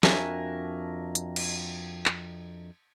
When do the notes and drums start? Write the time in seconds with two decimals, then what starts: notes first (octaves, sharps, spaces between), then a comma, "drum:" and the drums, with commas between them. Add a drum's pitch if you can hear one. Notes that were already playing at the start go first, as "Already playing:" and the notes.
0.03 F2 D4 F#4 A#4 E5 G#5, drum: snare
1.15 drum: hi-hat
1.36 drum: cymbal
2.06 drum: clap